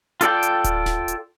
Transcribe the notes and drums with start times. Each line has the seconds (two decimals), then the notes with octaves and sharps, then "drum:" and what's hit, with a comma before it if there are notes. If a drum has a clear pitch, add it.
0.21 F4 A4 D5 G5, drum: hi-hat
0.43 drum: hi-hat
0.64 drum: kick D1, hi-hat
0.86 drum: snare D#1
1.08 drum: hi-hat